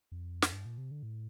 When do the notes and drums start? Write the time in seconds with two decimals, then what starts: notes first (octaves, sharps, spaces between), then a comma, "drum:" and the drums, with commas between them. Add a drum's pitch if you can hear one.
0.12 F2
0.42 drum: snare
0.53 G2
0.66 A#2
0.78 C3
0.91 D3
1.03 A2